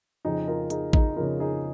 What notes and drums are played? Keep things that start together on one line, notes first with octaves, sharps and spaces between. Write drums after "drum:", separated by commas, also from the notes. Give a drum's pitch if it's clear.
F2 C#3 D#4 G#4
F4 A#4
D#4 G#4, drum: hi-hat
D#4 G#4, drum: kick A1
F2 C#3 F4 A#4
D#4 G#4